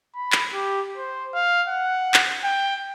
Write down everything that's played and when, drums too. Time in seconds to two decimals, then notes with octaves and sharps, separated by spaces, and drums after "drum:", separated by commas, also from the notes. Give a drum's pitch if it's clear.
0.15 B5
0.32 drum: clap
0.53 G4
0.97 C5
1.34 F5
1.69 F#5
2.14 drum: clap
2.44 G5